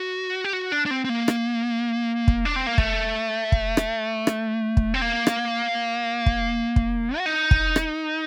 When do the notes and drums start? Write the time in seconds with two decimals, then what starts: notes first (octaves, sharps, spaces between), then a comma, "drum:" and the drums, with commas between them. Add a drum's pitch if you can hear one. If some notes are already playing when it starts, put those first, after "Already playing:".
Already playing: F#4
0.44 G4
0.53 F#4
0.72 D4
0.86 D4
0.91 C4
1.05 C4
1.09 A#3
1.28 drum: rim click
2.28 drum: kick
2.45 D4
2.56 C4
2.67 A#3
2.78 A3, drum: kick
3.52 drum: kick
3.77 drum: rim click
4.27 drum: rim click
4.77 drum: kick
4.94 C4
5.02 A#3
5.27 drum: rim click
6.26 drum: kick
6.76 drum: kick
7.18 F#4
7.26 D#4
7.51 drum: kick
7.76 drum: rim click